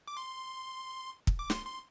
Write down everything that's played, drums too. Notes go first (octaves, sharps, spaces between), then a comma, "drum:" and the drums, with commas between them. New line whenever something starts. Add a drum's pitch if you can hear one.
D6
C6
drum: kick
D6
C6, drum: snare
C6